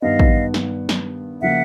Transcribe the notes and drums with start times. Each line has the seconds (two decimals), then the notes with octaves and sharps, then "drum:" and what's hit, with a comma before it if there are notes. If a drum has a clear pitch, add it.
0.02 G2 D#3 G3 B3 D#5 F5
0.19 drum: kick
0.54 drum: snare
0.89 drum: snare
1.41 C#3 F3 A#3 E5 F#5